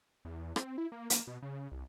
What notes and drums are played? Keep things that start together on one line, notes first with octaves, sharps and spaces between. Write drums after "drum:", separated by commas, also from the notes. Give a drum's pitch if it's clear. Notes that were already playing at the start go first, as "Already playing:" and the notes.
E2
C4, drum: rim click
E4
A#3
A#3, drum: hi-hat
B2
C#3
C2